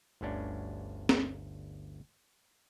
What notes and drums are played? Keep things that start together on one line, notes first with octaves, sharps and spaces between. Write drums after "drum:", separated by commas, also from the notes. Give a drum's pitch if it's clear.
G1 D2 C#4 D4
drum: snare C4